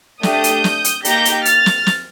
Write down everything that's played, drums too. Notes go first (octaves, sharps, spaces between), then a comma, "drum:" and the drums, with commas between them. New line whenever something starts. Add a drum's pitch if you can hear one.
A3 D4 G4 D#6 G6, drum: snare
drum: hi-hat
drum: snare
drum: hi-hat
A#3 D#4 G4 G6 A#6, drum: hi-hat
drum: hi-hat
F6 A6, drum: hi-hat
drum: snare
drum: snare